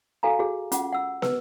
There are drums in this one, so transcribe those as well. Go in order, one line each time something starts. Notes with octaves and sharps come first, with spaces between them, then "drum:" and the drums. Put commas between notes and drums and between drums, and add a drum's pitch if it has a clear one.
F#4 A4 F5 G#5 A#5
F#4 G#4
C#4 F4 F#5 D6, drum: hi-hat
F#5 E6
B4 E6, drum: snare